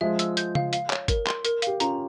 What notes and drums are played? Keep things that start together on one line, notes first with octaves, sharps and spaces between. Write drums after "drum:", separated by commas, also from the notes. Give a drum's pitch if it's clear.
F3 G#3 E5
E6, drum: hi-hat
G6, drum: hi-hat
F5, drum: tom C#3
F5, drum: hi-hat
C#5, drum: clap
A#4, drum: kick, hi-hat
C6, drum: clap
A#4, drum: hi-hat
G4 F5, drum: hi-hat
C#4 F4 A#5, drum: hi-hat